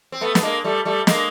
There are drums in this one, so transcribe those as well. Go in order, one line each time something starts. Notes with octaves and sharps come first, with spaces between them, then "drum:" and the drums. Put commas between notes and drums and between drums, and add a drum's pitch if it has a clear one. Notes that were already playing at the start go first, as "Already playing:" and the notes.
C4
A3 B3
B3, drum: snare
G#3 A#3
G3 A3
G3 A3
G#3 A#3, drum: snare